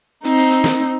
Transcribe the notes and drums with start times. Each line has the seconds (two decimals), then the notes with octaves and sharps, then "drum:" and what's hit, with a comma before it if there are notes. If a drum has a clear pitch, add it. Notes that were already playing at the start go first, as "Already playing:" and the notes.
0.24 C4 D#4, drum: hi-hat
0.37 drum: hi-hat
0.51 drum: hi-hat
0.64 drum: snare